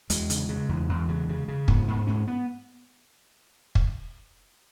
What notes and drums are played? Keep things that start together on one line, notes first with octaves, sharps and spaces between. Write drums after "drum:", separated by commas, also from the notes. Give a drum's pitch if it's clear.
E2 G#3, drum: hi-hat
C#3, drum: hi-hat
C#3
E2
E2
C#3
C#3
C#3
G#2 B3, drum: kick
G#2 B3
G#2 C#4
B3
drum: kick